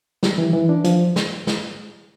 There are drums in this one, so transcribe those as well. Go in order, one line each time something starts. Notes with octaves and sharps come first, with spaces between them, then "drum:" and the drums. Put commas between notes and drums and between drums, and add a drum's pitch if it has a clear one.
G3, drum: snare
E3
E3
D4
F3, drum: hi-hat
drum: snare
drum: snare